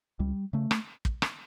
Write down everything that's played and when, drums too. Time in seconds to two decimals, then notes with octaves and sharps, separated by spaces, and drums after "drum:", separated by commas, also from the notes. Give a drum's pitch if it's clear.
0.19 C#2 G3
0.53 C#3 A3
0.71 drum: rim click
1.05 drum: kick
1.22 drum: rim click